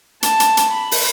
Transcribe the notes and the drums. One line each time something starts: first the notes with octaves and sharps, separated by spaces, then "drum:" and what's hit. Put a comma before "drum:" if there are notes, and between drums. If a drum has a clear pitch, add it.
A5, drum: hi-hat
drum: hi-hat
drum: hi-hat
B5
drum: open hi-hat